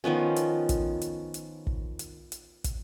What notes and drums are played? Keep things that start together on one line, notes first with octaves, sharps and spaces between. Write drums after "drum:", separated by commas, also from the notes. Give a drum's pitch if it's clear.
D#3 F3 B3 C#4
drum: hi-hat
drum: kick, hi-hat
drum: hi-hat
drum: hi-hat
drum: kick
drum: hi-hat
drum: hi-hat
drum: kick, hi-hat